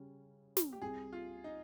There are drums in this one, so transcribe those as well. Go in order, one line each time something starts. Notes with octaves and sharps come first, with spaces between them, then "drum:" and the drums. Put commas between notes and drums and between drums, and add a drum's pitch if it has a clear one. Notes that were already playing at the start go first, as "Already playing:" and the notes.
Already playing: C#3 G3 C#4
drum: snare
G4
C2 C3 G3 G#4
F4
D#4